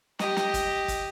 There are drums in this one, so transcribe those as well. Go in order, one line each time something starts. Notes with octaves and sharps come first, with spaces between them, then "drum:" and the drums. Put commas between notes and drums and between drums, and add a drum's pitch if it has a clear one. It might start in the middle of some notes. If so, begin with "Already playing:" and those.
G4 D#5, drum: snare
drum: snare
drum: kick, hi-hat
drum: kick, hi-hat